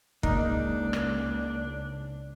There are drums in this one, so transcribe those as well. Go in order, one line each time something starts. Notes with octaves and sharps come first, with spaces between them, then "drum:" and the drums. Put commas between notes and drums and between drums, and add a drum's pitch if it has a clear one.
C#2 A#3 D4 D#4, drum: kick
drum: rim click